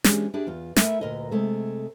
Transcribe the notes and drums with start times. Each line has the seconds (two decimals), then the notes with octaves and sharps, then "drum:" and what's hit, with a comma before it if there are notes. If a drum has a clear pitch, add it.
0.04 E3 G#3 C#4 D4 G4 G#4, drum: snare
0.34 D4 E4 G4 G#4
0.47 E2 F4
0.76 A3 E4 A#4 E5 G#5, drum: snare
1.01 D2 A#2 A#4 B4 D#5
1.31 C3 G#3 A3 A4